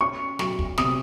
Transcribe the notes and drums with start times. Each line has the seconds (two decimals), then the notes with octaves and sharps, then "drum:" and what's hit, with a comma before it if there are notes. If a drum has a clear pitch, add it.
0.01 C#4 C#6
0.39 F#3 C#6, drum: snare
0.59 drum: kick
0.78 C3 D#6, drum: snare